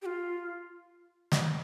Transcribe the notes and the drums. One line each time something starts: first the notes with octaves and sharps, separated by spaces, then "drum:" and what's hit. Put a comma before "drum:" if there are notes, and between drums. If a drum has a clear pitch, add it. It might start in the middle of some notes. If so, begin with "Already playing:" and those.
G4
F4
drum: snare